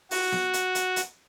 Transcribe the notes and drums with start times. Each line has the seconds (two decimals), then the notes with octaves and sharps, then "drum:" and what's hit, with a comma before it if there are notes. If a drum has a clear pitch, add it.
0.11 F#4, drum: open hi-hat
0.32 drum: snare B3
0.53 drum: hi-hat
0.75 drum: hi-hat
0.96 drum: hi-hat